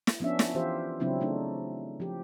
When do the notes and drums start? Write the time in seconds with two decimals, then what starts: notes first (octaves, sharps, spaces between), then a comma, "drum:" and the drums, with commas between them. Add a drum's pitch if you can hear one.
0.07 drum: snare
0.20 F3 B3 C#4 D4 E5
0.39 drum: snare
0.55 E3 F4 G4 C5 E5
1.00 C#3 F#3 C4 D4 E4
1.21 A3 D4 D#4
2.00 F3 G4